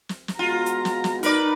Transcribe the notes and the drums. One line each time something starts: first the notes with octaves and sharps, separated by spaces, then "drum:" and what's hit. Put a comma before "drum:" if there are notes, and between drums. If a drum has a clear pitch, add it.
drum: snare
drum: snare
G#3 B3 F4 F#4 A#5
drum: hi-hat
drum: snare
drum: snare
D#4 A#4 B4 D5, drum: hi-hat